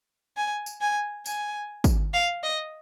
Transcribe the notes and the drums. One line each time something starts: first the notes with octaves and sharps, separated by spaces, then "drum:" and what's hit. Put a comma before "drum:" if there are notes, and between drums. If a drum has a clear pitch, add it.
G#5
drum: tambourine
G#5
G#5, drum: tambourine
drum: kick, tambourine
F5
D#5